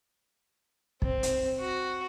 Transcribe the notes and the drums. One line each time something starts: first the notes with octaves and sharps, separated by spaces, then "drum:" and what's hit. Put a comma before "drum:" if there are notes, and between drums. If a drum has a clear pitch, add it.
C4, drum: kick
drum: hi-hat
F#4